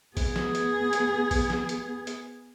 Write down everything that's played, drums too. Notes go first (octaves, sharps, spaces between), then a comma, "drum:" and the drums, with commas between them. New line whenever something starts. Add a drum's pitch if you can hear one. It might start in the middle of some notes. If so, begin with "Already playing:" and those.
B3 G#4, drum: kick A#1, open hi-hat
drum: snare
drum: hi-hat
drum: hi-hat
drum: kick A#1, open hi-hat
drum: snare
drum: hi-hat
drum: hi-hat